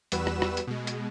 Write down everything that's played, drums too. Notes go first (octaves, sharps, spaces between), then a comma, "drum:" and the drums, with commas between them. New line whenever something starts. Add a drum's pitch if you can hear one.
E2 G3 F#4 B4 E6 E7, drum: hi-hat
drum: rim click
drum: rim click
drum: hi-hat
B2 G#3
drum: hi-hat